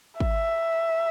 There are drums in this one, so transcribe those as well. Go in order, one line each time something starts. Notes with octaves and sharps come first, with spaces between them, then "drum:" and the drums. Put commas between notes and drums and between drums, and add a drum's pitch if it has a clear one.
E5, drum: kick G#1